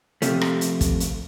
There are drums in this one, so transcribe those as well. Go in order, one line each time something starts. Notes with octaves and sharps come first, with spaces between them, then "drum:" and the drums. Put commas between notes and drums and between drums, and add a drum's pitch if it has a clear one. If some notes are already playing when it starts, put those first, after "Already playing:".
C3 F3 A3, drum: hi-hat
drum: rim click
drum: hi-hat
drum: kick, hi-hat
drum: hi-hat